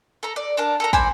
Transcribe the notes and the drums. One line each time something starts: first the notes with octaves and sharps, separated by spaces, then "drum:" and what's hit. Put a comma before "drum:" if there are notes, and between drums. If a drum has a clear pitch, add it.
A4 A#5
D5
D4 A#4 A5
A4 A#4 A#5
C5 D5 G#5 B5, drum: kick